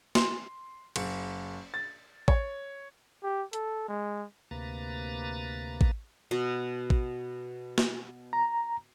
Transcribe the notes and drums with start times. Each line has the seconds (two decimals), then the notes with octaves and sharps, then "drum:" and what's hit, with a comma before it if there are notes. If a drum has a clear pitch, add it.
0.15 C6, drum: snare
0.96 F#1, drum: cymbal
1.74 A6
2.28 C#5, drum: kick A1
3.23 G4
3.53 A4, drum: hi-hat
3.88 G#3
4.51 D2 C3 A#3 B4 A#5 A6
5.81 drum: kick A1
6.31 B2
6.90 drum: kick A1
7.78 drum: snare
8.33 A#5